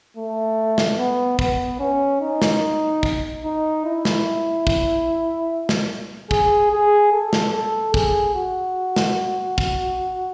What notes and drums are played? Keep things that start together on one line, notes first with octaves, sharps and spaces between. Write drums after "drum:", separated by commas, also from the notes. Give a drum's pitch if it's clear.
A3
drum: snare
B3
B3, drum: kick
C#4
D#4
drum: snare
drum: kick
D#4
E4
drum: snare
drum: kick
drum: snare
G#4, drum: kick
G#4
A4
drum: snare
A4
G#4, drum: kick
F#4
drum: snare
drum: kick